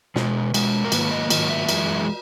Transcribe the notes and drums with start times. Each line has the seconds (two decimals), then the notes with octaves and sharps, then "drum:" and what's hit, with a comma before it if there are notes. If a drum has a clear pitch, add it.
0.16 B2 G#3, drum: snare
0.54 B2 G#3, drum: cymbal
0.85 A#4
0.92 G#2 D#3 F#3 A#3 B4, drum: cymbal
1.11 D#5
1.30 G#2 D#3 F#3 A#3 D#5, drum: cymbal
1.50 E5
1.69 F#2 E3 G#3, drum: cymbal